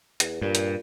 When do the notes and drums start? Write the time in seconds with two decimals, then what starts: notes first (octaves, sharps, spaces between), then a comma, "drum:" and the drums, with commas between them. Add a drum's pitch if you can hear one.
0.20 E2, drum: hi-hat
0.41 G2 A#2
0.55 drum: hi-hat